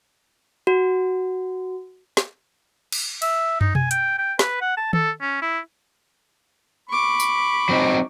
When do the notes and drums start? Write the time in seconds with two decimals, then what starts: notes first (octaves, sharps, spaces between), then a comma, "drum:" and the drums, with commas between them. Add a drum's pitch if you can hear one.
0.67 F#4
2.17 drum: snare
2.92 drum: cymbal
3.22 E5, drum: cymbal
3.61 D#4, drum: tom
3.75 G#5, drum: tom B2
3.91 G5, drum: hi-hat
4.18 G5
4.39 B4, drum: snare
4.61 F#5
4.77 A5
4.93 A4, drum: tom D#3
5.21 C#4
5.42 E4
6.90 B5 C#6 D6
7.20 drum: tambourine
7.69 F#3 C4 D#4